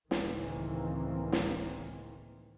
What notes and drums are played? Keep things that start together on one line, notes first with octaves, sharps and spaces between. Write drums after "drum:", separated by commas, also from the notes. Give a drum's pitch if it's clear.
C#2 A2 D#3 E3 A#3 C4, drum: snare
drum: snare